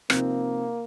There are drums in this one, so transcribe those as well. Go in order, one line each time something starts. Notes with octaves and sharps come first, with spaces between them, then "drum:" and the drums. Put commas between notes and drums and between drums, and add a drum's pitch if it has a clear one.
C3 F3 A#3 C4 D#4, drum: rim click